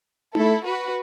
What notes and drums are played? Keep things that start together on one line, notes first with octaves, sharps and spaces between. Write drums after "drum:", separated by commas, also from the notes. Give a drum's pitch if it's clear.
A3 E4 A4, drum: tom D#4
F#4 B4